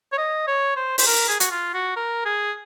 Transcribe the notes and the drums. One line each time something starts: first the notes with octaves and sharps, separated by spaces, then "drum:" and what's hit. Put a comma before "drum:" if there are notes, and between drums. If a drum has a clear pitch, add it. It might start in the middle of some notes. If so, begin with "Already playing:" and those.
C#5
D#5
C#5
C5
C5, drum: open hi-hat
A#4
G#4
F#4, drum: hi-hat
F4
F#4
A#4
G#4